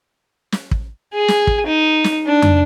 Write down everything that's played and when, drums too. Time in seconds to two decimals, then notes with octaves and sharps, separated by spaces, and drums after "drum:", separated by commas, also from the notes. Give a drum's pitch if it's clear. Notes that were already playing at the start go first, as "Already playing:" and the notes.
0.52 drum: snare
0.71 drum: kick
1.14 G#4
1.28 drum: snare
1.47 drum: kick
1.66 D#4
2.04 drum: snare
2.27 D4
2.42 drum: tom